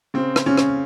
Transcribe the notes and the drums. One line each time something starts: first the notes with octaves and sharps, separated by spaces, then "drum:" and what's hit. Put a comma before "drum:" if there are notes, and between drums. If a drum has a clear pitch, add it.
C#3 C4
drum: rim click
C#3 C#4
drum: rim click